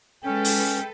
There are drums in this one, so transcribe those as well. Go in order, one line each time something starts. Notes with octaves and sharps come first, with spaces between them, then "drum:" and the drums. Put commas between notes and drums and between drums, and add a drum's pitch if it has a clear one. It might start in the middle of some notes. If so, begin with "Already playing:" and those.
G#3 C#4 A4 B4 G5
drum: open hi-hat